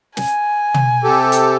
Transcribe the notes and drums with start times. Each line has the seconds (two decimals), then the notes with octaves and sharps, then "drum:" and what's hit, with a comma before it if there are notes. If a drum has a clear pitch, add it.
0.17 G#5, drum: snare
0.74 drum: tom
1.04 C3 G4 A4
1.32 drum: hi-hat